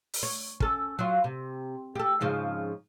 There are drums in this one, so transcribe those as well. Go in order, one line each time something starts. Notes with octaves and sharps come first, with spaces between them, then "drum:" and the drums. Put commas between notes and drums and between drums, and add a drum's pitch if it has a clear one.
drum: open hi-hat
C#5
C#4 A4, drum: kick
F#3 F4
C3
G4 A4
G#2 C#3 F3